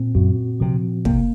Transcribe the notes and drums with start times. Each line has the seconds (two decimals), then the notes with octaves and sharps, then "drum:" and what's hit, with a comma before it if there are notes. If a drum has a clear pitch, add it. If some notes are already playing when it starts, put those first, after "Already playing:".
Already playing: A#2 C4
0.15 F#2 F#4
0.60 C3 F3
1.05 C3 A#3, drum: kick